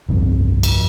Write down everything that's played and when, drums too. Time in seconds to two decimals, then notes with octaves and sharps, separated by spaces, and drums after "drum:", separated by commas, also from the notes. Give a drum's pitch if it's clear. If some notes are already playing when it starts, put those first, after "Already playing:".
0.09 G1 C2 F2 C3
0.63 drum: cymbal